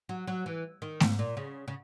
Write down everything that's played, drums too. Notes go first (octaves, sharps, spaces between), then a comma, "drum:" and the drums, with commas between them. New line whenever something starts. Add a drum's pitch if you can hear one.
F#3
F#3
E3
D#3
G#2, drum: snare A3
A#2
C#3
C#3